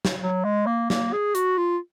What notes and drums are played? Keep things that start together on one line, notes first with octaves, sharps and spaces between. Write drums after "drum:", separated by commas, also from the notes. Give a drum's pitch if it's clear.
drum: snare
F#3
G#3
A#3
A#3, drum: snare
G#4
F#4, drum: hi-hat
F4